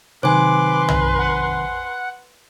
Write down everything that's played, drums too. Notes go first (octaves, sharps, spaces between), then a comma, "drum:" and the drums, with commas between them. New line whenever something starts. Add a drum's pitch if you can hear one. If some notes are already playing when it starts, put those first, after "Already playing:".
C3 D#3 F#3 B4 C5 G#5 C6 D6
drum: tom
F#5